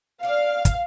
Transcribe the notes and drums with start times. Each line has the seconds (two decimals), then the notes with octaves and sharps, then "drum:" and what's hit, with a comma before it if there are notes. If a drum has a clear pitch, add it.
0.23 D4 F4 F5
0.65 drum: kick, hi-hat